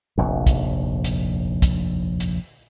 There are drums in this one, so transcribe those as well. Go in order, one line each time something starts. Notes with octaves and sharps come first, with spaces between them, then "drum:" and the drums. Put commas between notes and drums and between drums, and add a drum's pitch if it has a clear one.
F1 A#1 D#2
drum: kick, hi-hat
drum: hi-hat
drum: kick, hi-hat
drum: hi-hat